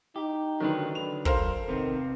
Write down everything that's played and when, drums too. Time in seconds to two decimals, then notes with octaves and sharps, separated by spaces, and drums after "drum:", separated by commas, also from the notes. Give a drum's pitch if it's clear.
0.16 D#4 G4
0.60 D3 D#3 F#3 D4 B4
0.95 D3 F7
1.25 A4 A#4 C5 F5, drum: kick
1.68 C3 D#3 B3 C4